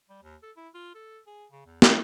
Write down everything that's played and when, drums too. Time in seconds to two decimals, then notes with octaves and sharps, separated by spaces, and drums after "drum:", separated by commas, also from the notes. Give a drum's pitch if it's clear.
0.10 G3
0.23 D#2
0.42 A4
0.57 E4
0.74 F4
0.95 A4
1.27 G#4
1.52 C#3
1.66 E2
1.82 D#4, drum: snare